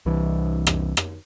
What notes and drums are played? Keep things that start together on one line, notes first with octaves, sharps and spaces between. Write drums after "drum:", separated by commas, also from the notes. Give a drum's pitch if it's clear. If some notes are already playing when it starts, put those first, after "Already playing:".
C2 E3
drum: rim click
drum: rim click